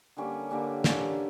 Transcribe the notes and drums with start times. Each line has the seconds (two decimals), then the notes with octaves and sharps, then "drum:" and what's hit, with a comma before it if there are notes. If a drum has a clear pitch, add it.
0.17 D3 G3 A#3 C#4
0.50 D3 G3 A#3 C#4
0.84 D3 G3 A#3 C#4, drum: snare